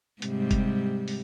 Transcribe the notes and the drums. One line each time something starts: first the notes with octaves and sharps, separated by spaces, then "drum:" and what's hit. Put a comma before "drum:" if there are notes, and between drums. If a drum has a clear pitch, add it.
G#2 C3 G3, drum: hi-hat
drum: kick F1, hi-hat
drum: open hi-hat